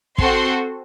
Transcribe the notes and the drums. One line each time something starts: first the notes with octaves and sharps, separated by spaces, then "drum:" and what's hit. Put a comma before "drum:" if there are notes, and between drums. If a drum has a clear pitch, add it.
C4 F#4 A4 C6, drum: kick